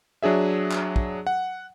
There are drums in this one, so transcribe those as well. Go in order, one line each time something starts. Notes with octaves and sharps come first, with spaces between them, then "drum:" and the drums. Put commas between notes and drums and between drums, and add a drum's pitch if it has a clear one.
F#3 D4 G#4 E5
drum: clap
drum: kick
F#5